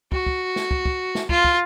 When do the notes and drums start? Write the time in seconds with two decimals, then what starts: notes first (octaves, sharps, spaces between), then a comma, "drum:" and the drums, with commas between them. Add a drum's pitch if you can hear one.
0.12 F#4, drum: kick
0.27 drum: kick
0.56 drum: snare
0.71 drum: kick
0.86 drum: kick
1.15 drum: snare
1.29 F4, drum: kick
1.44 drum: kick